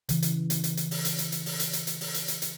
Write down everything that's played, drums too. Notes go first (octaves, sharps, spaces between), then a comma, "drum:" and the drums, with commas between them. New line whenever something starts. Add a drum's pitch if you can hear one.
C#3 E3, drum: hi-hat
drum: hi-hat
drum: hi-hat
drum: hi-hat
drum: hi-hat
drum: open hi-hat
drum: hi-hat
drum: hi-hat
drum: hi-hat
drum: open hi-hat
drum: hi-hat
drum: hi-hat
drum: hi-hat
drum: open hi-hat
drum: hi-hat
drum: hi-hat
drum: hi-hat